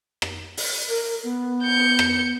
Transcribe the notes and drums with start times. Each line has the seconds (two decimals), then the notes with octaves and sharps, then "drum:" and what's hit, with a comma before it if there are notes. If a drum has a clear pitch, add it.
0.22 drum: rim click
0.57 drum: open hi-hat
0.89 A#4
1.24 B3
1.63 G6 C#7
1.99 drum: rim click